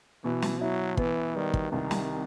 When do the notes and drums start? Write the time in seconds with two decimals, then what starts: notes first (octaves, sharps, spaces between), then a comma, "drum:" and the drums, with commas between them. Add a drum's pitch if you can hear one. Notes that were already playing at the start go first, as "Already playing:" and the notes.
0.24 B2 E3
0.42 drum: snare
0.60 F#3 E4
0.97 E3 B3, drum: kick
1.35 D#3 G3
1.54 drum: kick
1.72 C2 D#3
1.91 drum: snare